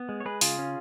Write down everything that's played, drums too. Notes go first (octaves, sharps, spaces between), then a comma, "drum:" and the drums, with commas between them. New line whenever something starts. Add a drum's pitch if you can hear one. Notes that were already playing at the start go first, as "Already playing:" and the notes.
Already playing: B3
G#3
C#5
G#3 G#4 B4
C#3 F4 G#4, drum: open hi-hat
C#4